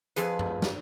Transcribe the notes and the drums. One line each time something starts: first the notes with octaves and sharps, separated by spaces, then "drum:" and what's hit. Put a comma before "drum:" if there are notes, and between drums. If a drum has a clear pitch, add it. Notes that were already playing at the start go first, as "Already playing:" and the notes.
F2 F3 G#4 B4, drum: hi-hat
drum: tom F#2
drum: snare